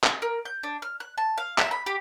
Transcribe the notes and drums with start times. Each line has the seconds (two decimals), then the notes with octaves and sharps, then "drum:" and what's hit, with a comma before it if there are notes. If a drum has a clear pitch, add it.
0.04 drum: clap
0.22 A#4
0.45 G6
0.63 D4
0.82 F6
1.00 F#6
1.18 A5
1.38 F5
1.58 E5, drum: clap
1.71 B5
1.86 G4